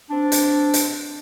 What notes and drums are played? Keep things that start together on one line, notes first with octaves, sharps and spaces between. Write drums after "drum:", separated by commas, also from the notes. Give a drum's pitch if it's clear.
C4 D4
drum: hi-hat
drum: hi-hat